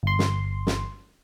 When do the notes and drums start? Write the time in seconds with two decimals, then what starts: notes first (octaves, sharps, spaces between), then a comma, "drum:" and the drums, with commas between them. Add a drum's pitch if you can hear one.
0.03 G1 C6
0.19 drum: snare
0.67 drum: snare